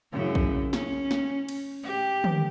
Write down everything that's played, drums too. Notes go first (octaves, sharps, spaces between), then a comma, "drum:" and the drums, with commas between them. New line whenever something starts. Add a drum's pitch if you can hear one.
F#2 C#3 E4
drum: kick
C#4, drum: snare
drum: snare
drum: cymbal
G4
drum: tom